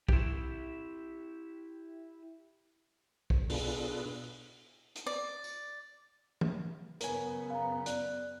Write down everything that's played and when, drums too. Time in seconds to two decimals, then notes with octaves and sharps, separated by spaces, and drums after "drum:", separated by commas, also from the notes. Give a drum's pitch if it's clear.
0.09 E4 G4, drum: kick
3.30 drum: kick
3.50 B2 D4 F4 G#4 A4 B4, drum: open hi-hat
4.96 drum: hi-hat
5.06 D5
5.44 drum: tambourine
6.41 drum: tom
7.01 F#2 C#3 B3 A#4 C#5 G#5, drum: hi-hat
7.50 F5 A#5
7.86 D5 F#6, drum: hi-hat